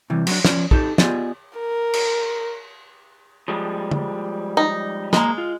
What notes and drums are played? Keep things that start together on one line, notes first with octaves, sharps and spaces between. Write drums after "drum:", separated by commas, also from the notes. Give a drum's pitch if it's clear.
C3 E3 G3
F#3 D4, drum: cymbal
F3 C#4 D5, drum: snare
D#4 G4 A4, drum: kick
B3 F4 G4 G#4 D5 D#5, drum: snare
A#4
drum: cymbal
F3 G3 G#3
drum: tom
D#4
B1 G#3 A#3 A#5, drum: snare
F4